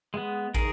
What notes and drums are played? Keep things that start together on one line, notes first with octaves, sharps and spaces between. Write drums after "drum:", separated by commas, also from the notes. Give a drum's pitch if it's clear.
G#3 B3
D#3 G#4 A#4, drum: kick, cymbal